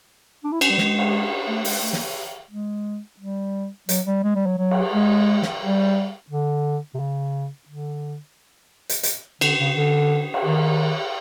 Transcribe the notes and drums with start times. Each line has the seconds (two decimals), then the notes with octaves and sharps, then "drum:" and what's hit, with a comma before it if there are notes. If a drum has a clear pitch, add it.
0.44 D4
0.52 E4
0.61 C#4, drum: cymbal
0.70 G3
0.78 G#3, drum: snare
0.99 drum: cymbal
1.48 A3
1.65 G#3, drum: open hi-hat
1.82 A3
1.93 A#3, drum: snare
2.51 G#3
3.20 G3
3.89 F#3, drum: hi-hat
4.06 G3
4.24 G#3
4.35 G3
4.46 F#3
4.58 F#3
4.71 drum: cymbal
4.93 G#3
5.42 drum: snare
5.62 G3
6.30 D3
6.94 C3
6.99 C#3
7.69 D3
8.89 drum: hi-hat
9.03 drum: hi-hat
9.41 D3, drum: cymbal
9.59 C#3
9.76 D3
10.34 drum: cymbal
10.45 D#3